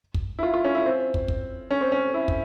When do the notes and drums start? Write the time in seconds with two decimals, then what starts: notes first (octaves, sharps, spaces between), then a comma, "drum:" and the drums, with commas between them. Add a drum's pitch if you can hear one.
0.14 drum: kick
0.39 E4
0.43 F4
0.54 F4
0.64 C#4
0.75 E4
0.86 C4
1.14 drum: kick
1.28 drum: kick
1.71 C#4
1.81 C4
1.92 C#4
2.14 E4
2.28 drum: kick